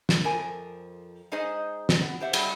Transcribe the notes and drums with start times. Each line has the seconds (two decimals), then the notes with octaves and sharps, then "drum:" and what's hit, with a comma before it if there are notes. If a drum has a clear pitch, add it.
0.09 drum: snare
0.24 F2 F3 A#4 G#5
1.32 G#3 D#4 G#4 C5 D#5
1.89 drum: snare
2.02 B3
2.21 G4 C5 E5 F#5
2.33 F#3 G3 C4 F#4 G#4, drum: cymbal